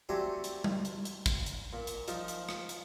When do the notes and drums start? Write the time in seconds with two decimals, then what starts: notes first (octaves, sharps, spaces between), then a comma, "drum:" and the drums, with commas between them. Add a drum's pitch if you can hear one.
0.09 A3 C4 D4 F#4 G4 G#5
0.44 drum: hi-hat
0.64 drum: tom G3
0.85 drum: hi-hat
1.05 drum: hi-hat
1.26 drum: kick, hi-hat
1.46 drum: hi-hat
1.73 A#2
1.87 drum: hi-hat
2.08 F3 D#4 F4, drum: hi-hat
2.28 drum: hi-hat
2.49 drum: rim click
2.69 drum: hi-hat